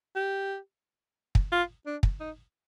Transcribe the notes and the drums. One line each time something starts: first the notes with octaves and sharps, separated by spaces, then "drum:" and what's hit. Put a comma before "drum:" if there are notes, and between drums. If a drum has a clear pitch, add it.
G4
drum: kick
F4
D4
drum: kick
D#4